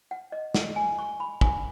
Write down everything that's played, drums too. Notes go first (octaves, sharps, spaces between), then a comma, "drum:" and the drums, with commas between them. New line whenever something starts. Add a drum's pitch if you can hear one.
F#5
D#5
F#5, drum: snare
G#5
C#6
B5
G#5, drum: kick